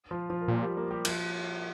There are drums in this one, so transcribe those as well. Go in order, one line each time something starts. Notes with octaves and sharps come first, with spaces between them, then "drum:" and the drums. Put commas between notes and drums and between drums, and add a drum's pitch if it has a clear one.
F3 F4
F3 F4
A#4
A#2 G3 G4
G3 G4
A#3 A#4
G3 G4
F3 F4, drum: cymbal